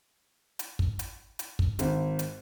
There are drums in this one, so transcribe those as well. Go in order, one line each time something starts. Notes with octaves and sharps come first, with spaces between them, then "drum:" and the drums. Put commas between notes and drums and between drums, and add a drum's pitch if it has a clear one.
drum: hi-hat
drum: kick
drum: hi-hat
drum: hi-hat
drum: kick
G#1, drum: hi-hat
drum: hi-hat